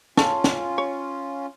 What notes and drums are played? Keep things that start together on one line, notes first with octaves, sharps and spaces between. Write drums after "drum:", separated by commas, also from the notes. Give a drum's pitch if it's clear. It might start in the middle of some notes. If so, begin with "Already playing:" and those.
C#4 F4 A4 C#5 A5, drum: snare
drum: snare
C#5